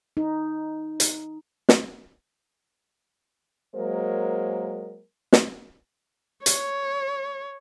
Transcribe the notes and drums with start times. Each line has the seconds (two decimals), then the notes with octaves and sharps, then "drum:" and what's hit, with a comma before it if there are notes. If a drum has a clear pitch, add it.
0.17 D#4
1.00 drum: hi-hat
1.69 drum: snare
3.76 F#3 G#3 A#3 A#4 C5
5.33 drum: snare
6.46 C#5, drum: hi-hat